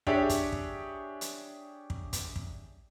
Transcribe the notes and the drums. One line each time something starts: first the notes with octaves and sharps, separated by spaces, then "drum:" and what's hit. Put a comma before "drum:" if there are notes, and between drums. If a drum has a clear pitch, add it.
D4 G4 G#4 C#5 E5, drum: kick
drum: kick, hi-hat
drum: kick
drum: hi-hat
drum: kick
drum: kick, hi-hat
drum: kick